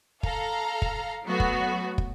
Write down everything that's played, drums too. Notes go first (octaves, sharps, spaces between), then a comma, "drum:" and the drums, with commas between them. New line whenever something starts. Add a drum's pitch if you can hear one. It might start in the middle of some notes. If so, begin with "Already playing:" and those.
A4 F5 A#5, drum: kick
drum: kick
F#3 A3 B3 F#4
drum: kick
drum: kick